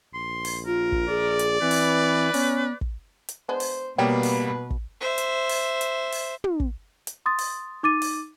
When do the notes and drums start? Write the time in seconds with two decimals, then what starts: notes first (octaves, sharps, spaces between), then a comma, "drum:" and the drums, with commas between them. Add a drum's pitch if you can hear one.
0.14 A#1 C6
0.45 drum: open hi-hat
0.66 F4 A#4
0.92 drum: kick
1.09 G#4 D5
1.39 drum: hi-hat
1.62 E3 C4 B4
1.71 drum: open hi-hat
2.34 B3 C#4, drum: open hi-hat
2.81 drum: kick
3.29 drum: hi-hat
3.49 G#3 B3 D4 C5
3.60 drum: open hi-hat
3.98 B2 G3 A#3 B3 D#4 B4 C#5 G5
4.23 drum: open hi-hat
4.70 drum: kick
5.01 C5 E5
5.18 drum: hi-hat
5.49 drum: open hi-hat
5.81 drum: hi-hat
6.12 drum: open hi-hat
6.44 drum: tom
6.60 drum: kick
7.07 drum: hi-hat
7.26 C6 D#6 A6
7.39 drum: open hi-hat
7.83 D#4 D6 A6 D#7
8.02 drum: open hi-hat